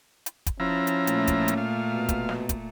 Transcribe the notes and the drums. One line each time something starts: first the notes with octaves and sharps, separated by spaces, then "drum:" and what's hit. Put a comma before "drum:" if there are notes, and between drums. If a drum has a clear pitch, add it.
drum: hi-hat
drum: kick, hi-hat
F3 C#4 E4 A#5
drum: hi-hat
A#2 A3, drum: hi-hat
drum: kick, hi-hat
drum: hi-hat
F5
B2
drum: kick, hi-hat
drum: snare
drum: kick, hi-hat